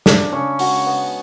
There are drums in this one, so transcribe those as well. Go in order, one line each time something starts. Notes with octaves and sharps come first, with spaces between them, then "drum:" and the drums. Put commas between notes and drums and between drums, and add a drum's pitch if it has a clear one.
C#3 D4 D5, drum: snare
C#3 C#4 C#5
G#3 F#4, drum: open hi-hat
B3